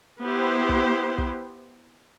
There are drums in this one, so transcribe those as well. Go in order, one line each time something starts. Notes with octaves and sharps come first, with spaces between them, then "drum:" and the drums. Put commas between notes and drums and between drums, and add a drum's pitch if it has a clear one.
B3 E4 G4 C5
drum: kick
drum: kick